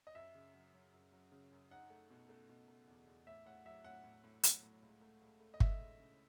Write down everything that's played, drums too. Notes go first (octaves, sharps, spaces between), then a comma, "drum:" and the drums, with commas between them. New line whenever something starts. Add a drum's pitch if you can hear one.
D#5
F#2 E5
C#3
F#3
F#3
F#2
F#3
C#3
F#2
D#4 F#5
A3
B2
A3
B2
A3
E2
E2
A2 E5
A2 F#5
F#3 E5
A2 F#5
A2
A2
F#3, drum: hi-hat
A2
C#2
A3
C#2
A3
D#5
A3 E5, drum: kick G1
C#2
C#3